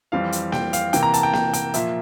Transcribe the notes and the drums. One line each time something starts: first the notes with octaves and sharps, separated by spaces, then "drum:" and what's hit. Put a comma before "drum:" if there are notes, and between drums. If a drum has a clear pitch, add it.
F2 E3 G3 C4 F5
drum: hi-hat
G5, drum: snare A#3
F5, drum: hi-hat
C3 E3 A#3 G5, drum: hi-hat
A#5
A5, drum: hi-hat
G5
G5, drum: snare A#3
G5, drum: hi-hat
A#2 F3 A#3 E5, drum: hi-hat